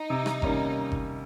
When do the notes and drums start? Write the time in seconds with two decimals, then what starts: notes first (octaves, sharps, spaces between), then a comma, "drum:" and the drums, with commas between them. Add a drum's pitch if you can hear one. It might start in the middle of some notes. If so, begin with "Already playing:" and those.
Already playing: D#4
0.10 C3
0.26 drum: rim click
0.42 D#3 G3 A#3 C#4, drum: kick G1
0.92 drum: kick G1